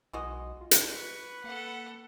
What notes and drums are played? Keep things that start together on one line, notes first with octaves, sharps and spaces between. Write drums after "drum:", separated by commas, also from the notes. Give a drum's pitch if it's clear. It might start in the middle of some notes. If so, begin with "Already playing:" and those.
B1 G#3 F#4 D#5
F4
drum: hi-hat
B4 C#6
A#3 A4 F#5